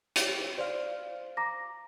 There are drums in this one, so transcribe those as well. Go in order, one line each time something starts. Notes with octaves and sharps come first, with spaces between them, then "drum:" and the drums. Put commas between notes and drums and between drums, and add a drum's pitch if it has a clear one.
G4 C#5, drum: hi-hat
C5 D5 F5
A#5 D6 A#6